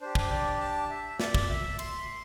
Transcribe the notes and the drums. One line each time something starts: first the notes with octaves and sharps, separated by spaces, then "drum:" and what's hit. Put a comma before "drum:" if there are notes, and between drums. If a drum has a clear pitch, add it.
D4 G4 C5
drum: kick
D5
A5
E5
D5, drum: snare
drum: kick
E5
C6, drum: cymbal